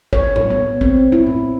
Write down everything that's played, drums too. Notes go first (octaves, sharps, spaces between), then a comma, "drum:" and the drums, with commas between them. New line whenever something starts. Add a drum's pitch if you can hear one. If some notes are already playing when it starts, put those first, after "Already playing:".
C#5, drum: kick
drum: tom A2
B3
C4, drum: kick
E4
drum: tom A2